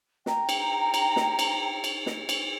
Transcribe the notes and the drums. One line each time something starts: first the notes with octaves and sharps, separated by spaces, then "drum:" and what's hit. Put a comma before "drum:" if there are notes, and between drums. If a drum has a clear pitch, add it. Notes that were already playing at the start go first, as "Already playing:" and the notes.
G5 A#5, drum: snare
drum: cymbal
drum: cymbal
drum: snare
drum: cymbal
drum: cymbal
drum: snare
drum: cymbal